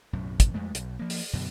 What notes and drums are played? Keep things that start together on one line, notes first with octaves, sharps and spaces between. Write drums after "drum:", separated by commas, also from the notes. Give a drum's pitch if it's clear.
B1 F#2 A2
drum: kick, hi-hat
F2 G#3 A3
B1, drum: hi-hat
F3 A#3
drum: open hi-hat
F#2 B2 D3 F#3